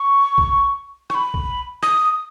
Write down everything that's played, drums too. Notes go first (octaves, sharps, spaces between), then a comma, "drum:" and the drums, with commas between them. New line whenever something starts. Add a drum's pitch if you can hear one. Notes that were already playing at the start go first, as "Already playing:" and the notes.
Already playing: C#6
drum: kick B1
C#6, drum: rim click
B5
drum: kick B1
D#6, drum: rim click